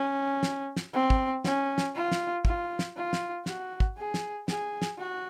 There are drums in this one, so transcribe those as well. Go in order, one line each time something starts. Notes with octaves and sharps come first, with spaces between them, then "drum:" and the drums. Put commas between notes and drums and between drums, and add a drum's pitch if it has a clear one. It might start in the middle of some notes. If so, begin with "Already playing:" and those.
Already playing: C#4
drum: snare
drum: snare
C4
drum: kick
C#4, drum: snare
drum: snare
F4
drum: snare
F4, drum: kick
drum: snare
F4
drum: snare
F#4, drum: snare
drum: kick
G#4
drum: snare
G#4, drum: snare
drum: snare
F#4